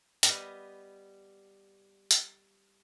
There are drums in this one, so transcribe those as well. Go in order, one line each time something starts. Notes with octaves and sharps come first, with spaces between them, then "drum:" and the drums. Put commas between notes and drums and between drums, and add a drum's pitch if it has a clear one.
G3 B3 D#5, drum: hi-hat
drum: hi-hat